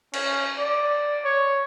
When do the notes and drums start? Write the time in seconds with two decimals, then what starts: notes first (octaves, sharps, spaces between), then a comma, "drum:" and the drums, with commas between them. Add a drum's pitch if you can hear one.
0.13 C#4, drum: cymbal
0.58 D5
1.25 C#5